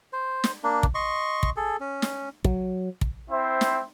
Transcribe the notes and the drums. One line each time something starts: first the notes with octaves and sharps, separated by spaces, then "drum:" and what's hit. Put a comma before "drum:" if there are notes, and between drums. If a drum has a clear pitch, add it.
C5
drum: snare
A#3 D4
drum: kick
D#5 C6 C#6
drum: kick
G#4 A4
C#4
drum: snare
F#3, drum: kick
drum: kick
C4 E4 C5 E5
drum: snare